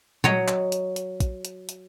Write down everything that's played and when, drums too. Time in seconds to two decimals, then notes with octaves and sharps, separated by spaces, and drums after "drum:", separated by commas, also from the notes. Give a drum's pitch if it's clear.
0.24 F#3 C#5 D#5, drum: tom A#2
0.48 drum: clap
0.72 drum: hi-hat
0.96 drum: hi-hat
1.20 drum: kick, hi-hat
1.45 drum: hi-hat
1.69 drum: hi-hat